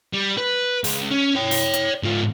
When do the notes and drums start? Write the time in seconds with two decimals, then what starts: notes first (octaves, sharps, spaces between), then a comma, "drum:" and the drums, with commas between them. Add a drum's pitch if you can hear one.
0.13 G3
0.38 B4
0.84 C#2, drum: open hi-hat
1.11 C#4
1.36 C#5 G5
1.51 drum: open hi-hat
1.73 drum: hi-hat
2.03 G#2 F4